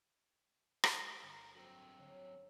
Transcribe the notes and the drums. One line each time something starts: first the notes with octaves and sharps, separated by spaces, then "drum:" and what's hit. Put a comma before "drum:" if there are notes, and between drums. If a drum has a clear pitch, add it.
drum: rim click
G1 A#4
F#3 C4 D4 A#4 G5
D3 C#4 C#5